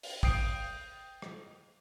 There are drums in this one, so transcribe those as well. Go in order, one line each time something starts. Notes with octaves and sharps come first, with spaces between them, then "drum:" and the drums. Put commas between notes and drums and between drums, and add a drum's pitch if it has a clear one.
drum: open hi-hat
G5 D#6 G6 C7 D7, drum: kick
drum: rim click